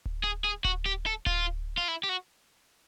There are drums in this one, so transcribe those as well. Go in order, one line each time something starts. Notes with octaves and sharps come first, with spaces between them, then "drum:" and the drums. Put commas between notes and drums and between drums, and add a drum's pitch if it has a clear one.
drum: kick D1
G#4
G#4
F#4, drum: kick D1
G4
A4
F4, drum: kick D1
F4
E4
G4
F#4